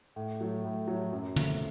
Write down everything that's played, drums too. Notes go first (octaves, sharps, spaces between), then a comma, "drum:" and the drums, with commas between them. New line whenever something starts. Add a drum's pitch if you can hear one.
A2
F#3 A3
A2
F#3 A3
F#2
F3 A3, drum: tom